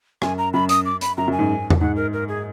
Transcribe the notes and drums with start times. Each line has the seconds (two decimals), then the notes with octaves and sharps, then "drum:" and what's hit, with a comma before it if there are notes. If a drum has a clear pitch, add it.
0.22 F#2 G#5, drum: rim click
0.38 A#5
0.54 F#2 B5
0.69 D#6, drum: hi-hat
0.86 D6
1.01 B5, drum: hi-hat
1.17 F#2 A#5
1.28 F#2
1.32 G#5
1.39 G#2
1.70 drum: tom E2
1.81 G#2 F#5
1.96 A#4
2.13 A#4
2.28 G#4